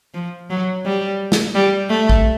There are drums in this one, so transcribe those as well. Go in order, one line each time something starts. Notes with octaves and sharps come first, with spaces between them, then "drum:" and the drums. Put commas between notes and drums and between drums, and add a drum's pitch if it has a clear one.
F3
F#3
G3
drum: snare
G3
A3
drum: kick